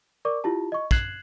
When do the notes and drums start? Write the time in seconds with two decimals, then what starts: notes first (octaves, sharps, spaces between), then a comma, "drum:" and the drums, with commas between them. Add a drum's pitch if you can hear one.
0.25 A#4 D5 C#6 D6
0.44 E4 F4 G4 A5
0.72 D#5 C#6
0.91 F#6 G#6 C7 E7 F#7, drum: kick